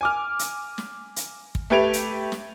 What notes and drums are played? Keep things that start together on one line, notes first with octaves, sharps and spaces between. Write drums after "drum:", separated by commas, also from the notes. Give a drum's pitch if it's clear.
G#5 D6 F6
drum: hi-hat
drum: snare
drum: hi-hat
drum: kick
A3 G4 B4 G#6 D7 F7
drum: hi-hat
drum: snare